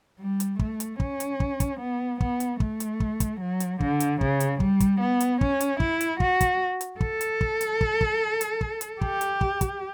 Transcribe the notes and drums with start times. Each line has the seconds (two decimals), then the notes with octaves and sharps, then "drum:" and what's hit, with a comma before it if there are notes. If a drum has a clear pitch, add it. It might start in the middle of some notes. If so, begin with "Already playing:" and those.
0.20 G3
0.40 drum: hi-hat
0.59 A3, drum: kick
0.80 drum: hi-hat
1.00 C#4, drum: kick
1.20 drum: hi-hat
1.40 drum: kick
1.60 drum: kick, hi-hat
1.80 B3
2.20 B3, drum: kick
2.40 drum: hi-hat
2.60 A3, drum: kick
2.80 drum: hi-hat
3.00 drum: kick
3.20 drum: kick, hi-hat
3.40 F#3
3.60 drum: hi-hat
3.80 D3, drum: kick
4.00 drum: hi-hat
4.21 C#3, drum: kick
4.40 drum: hi-hat
4.60 G3, drum: kick
4.80 drum: kick, hi-hat
5.00 B3
5.20 drum: hi-hat
5.41 C#4, drum: kick
5.61 drum: hi-hat
5.80 E4, drum: kick
6.01 drum: hi-hat
6.20 F#4, drum: kick
6.41 drum: kick, hi-hat
6.81 drum: hi-hat
7.00 A4, drum: kick
7.21 drum: hi-hat
7.41 drum: kick
7.61 drum: hi-hat
7.81 drum: kick
8.01 drum: kick
8.41 drum: hi-hat
8.61 drum: kick
8.81 drum: hi-hat
9.01 G4, drum: kick
9.21 drum: hi-hat
9.41 drum: kick
9.61 drum: kick, hi-hat